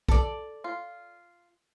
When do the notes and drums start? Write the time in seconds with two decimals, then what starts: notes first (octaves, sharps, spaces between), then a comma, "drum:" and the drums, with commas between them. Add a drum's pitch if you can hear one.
0.09 A4 D5, drum: kick
0.64 F4